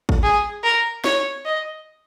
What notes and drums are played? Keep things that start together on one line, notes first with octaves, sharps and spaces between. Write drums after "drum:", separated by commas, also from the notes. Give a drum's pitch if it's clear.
drum: kick
G#4
A#4
C#5, drum: snare
D#5